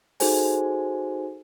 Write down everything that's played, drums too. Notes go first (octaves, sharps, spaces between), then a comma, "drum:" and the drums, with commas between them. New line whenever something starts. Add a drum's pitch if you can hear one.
D#4 F#4 G#4 A4 C5 G#5, drum: open hi-hat